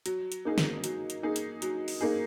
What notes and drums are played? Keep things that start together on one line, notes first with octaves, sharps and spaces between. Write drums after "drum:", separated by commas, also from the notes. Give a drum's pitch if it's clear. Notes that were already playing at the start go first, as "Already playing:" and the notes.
F#3, drum: hi-hat
drum: hi-hat
A#3 D#4 G#4
drum: snare
F#3, drum: hi-hat
drum: hi-hat
A#3 D#4 G#4
drum: hi-hat
F#3, drum: hi-hat
drum: open hi-hat
A#3 D#4 G#4